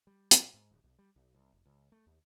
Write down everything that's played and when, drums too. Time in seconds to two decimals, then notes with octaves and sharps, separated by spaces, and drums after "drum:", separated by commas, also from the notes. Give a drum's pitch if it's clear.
0.07 G3
0.31 A#2, drum: hi-hat
0.54 G#2
0.71 D1
0.83 B1
0.99 G3
1.16 B1
1.34 C2
1.52 F1
1.65 C#2
1.92 A3
2.06 D#2